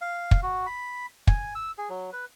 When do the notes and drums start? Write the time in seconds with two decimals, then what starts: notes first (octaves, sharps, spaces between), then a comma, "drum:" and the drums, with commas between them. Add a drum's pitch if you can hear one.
0.01 F5
0.31 drum: kick
0.43 F#4
0.67 B5
1.27 G#5, drum: kick
1.55 E6
1.78 G#4
1.89 F#3
2.13 B4